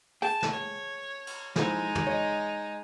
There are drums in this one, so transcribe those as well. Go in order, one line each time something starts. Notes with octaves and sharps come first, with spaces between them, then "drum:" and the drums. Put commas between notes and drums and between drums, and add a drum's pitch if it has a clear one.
G#4 G5 A5
drum: snare
C#5
drum: cymbal
F3 G#3 D#4 E4, drum: snare
drum: tom
C#5 D#5